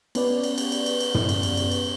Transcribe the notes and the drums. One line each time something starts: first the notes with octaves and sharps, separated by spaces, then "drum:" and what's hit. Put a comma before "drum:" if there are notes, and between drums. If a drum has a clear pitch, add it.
B3 C#4 B4 D5, drum: cymbal
drum: cymbal
drum: cymbal
drum: cymbal
drum: cymbal
drum: cymbal
drum: tom
drum: cymbal
drum: cymbal
drum: cymbal
drum: cymbal